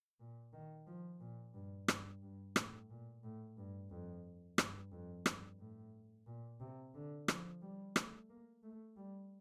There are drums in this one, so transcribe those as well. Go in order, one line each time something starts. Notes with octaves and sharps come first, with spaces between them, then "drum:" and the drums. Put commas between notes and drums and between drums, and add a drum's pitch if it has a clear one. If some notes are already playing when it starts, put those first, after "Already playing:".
A#2
D#3
F3
A#2
G2
G2, drum: rim click
G2
A2, drum: rim click
A#2
A2
G2
F2
G2, drum: rim click
F2
G2, drum: rim click
A2
A#2
C3
D3
F3, drum: rim click
G3
A3, drum: rim click
A#3
A3
G3